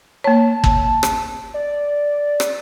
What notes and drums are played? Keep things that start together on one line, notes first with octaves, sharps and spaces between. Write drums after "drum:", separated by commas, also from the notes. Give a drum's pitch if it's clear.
A#3 C#5 A5
drum: kick G1
drum: rim click
D5
drum: rim click